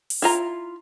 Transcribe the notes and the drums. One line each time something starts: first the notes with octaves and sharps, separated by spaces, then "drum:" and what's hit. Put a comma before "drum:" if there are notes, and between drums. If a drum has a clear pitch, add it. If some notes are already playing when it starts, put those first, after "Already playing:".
drum: open hi-hat
E4 F4 A#5